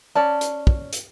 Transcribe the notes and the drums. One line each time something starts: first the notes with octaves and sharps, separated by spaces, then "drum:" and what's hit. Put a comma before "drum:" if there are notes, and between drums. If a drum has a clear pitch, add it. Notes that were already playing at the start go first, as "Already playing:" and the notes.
C#4 D5 A5
drum: hi-hat
drum: kick
drum: hi-hat